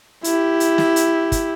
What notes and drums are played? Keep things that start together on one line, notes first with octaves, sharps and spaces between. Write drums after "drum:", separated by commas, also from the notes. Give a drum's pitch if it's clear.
E4 G4, drum: hi-hat
drum: hi-hat
drum: snare
drum: hi-hat
drum: kick, hi-hat